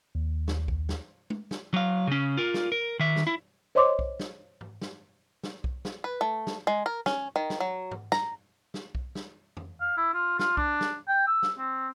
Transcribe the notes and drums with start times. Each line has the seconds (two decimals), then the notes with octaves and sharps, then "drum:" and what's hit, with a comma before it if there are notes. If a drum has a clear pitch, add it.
0.15 D#2
0.48 drum: snare
0.68 drum: kick B1
0.89 drum: snare
1.30 drum: tom G#3
1.51 drum: snare
1.74 F#3 F5
2.07 C#3 C#4
2.38 F4 A#4
2.54 drum: snare
2.72 A#4
2.99 D#3 E5
3.16 drum: snare
3.27 E4
3.75 C5 C#5 D#5 C6 D6
3.99 drum: kick B1
4.20 drum: snare
4.61 drum: tom G#2
4.81 drum: snare
5.43 drum: snare
5.64 drum: kick B1
5.85 drum: snare
6.04 B4
6.21 A3
6.47 drum: snare
6.67 G#3
6.86 A#4
7.06 C#4, drum: snare
7.36 D#3
7.50 drum: snare
7.60 F#3
7.91 drum: tom G#2
8.12 A#5, drum: snare
8.74 drum: snare
8.95 drum: kick B1
9.15 drum: snare
9.57 drum: tom F2
9.81 F5
9.98 E4
10.14 F4
10.39 F4, drum: snare
10.57 D4, drum: kick B1
10.81 drum: snare
11.08 G5
11.27 E6
11.43 drum: snare
11.58 C4